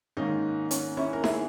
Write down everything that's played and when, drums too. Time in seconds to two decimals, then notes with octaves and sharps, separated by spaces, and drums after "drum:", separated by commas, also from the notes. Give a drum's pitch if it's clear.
0.17 G#2 D#3 A#3 C#4 D#4
0.71 C#4, drum: hi-hat
0.97 C#4 E4
1.13 A#4
1.24 E4 G#4, drum: snare D#4